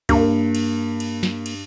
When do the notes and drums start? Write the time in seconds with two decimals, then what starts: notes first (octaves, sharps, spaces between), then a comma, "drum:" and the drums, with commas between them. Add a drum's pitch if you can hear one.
0.09 G2 A#3, drum: kick C#2, cymbal
0.55 drum: cymbal
1.00 drum: cymbal
1.23 drum: snare
1.46 drum: cymbal